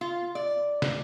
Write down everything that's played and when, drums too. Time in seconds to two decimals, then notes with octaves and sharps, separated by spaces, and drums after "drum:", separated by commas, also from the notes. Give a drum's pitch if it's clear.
0.01 F4
0.35 D5
0.82 drum: snare